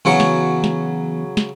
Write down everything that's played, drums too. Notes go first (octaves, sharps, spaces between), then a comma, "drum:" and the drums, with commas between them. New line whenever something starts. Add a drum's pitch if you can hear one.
C#3 E3 F#3 B3 C#6
drum: snare
drum: snare
drum: snare